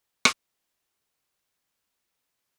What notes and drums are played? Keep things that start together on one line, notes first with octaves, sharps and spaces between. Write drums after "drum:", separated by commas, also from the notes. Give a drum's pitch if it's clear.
drum: rim click
D#5
F#4
F4
A#4
A#4
F#4
F#4
D#4
C#5
B4
G4